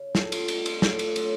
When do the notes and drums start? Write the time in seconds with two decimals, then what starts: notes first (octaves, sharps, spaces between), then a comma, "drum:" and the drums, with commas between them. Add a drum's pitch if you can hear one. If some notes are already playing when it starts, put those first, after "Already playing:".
Already playing: C#3
0.15 A#2 F3 A3 A4, drum: snare
0.32 drum: cymbal
0.48 B2 G3, drum: cymbal
0.66 drum: cymbal
0.82 A2 F3 A3, drum: snare
0.99 drum: cymbal
1.16 D3 F#3 A3, drum: cymbal